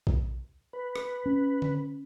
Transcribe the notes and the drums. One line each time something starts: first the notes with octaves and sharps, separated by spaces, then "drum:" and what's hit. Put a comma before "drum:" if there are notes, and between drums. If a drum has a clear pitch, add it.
drum: kick A#1
B4
drum: rim click
C#4
drum: tom D3